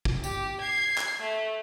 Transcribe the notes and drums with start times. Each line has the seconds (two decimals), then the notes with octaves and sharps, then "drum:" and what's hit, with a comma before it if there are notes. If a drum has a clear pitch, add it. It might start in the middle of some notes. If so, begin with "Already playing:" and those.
0.05 drum: kick
0.24 G4, drum: tambourine
0.61 G#6 C7
0.98 drum: clap
1.21 A3